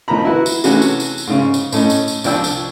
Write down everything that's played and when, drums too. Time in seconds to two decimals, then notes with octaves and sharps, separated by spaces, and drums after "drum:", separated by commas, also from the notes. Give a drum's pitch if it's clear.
0.08 D#3 F3 D#4 A#5 B5
0.25 E4 F#4 B4
0.46 drum: tambourine
0.64 C3 E3 A3 C#4 F#4 G#4, drum: tambourine
0.82 drum: tambourine
1.00 drum: tambourine
1.18 drum: tambourine
1.27 G#2 C#3
1.54 drum: tambourine
1.72 A2 A3 C#4 D#4, drum: tambourine
1.90 drum: tambourine
2.08 drum: tambourine
2.24 C2 F3 D4 G5 E6, drum: tambourine
2.44 drum: tambourine